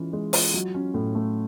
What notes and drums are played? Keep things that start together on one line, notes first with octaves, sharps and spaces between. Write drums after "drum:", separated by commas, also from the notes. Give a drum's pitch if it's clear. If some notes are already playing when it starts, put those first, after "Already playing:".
Already playing: E3 G#3 C#4 F4
G#3
F4, drum: open hi-hat
F#3
C#4
A2
A3